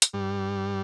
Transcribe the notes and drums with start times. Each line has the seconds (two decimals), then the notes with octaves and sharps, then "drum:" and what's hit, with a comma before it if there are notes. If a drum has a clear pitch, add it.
0.02 drum: hi-hat
0.13 G2 G3